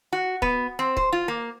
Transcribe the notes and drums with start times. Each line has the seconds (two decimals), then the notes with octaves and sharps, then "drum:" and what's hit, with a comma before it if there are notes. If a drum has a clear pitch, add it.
0.13 F#4
0.42 B3, drum: kick C#1
0.79 C4
0.97 C5, drum: kick C#1
1.13 F4
1.28 A#3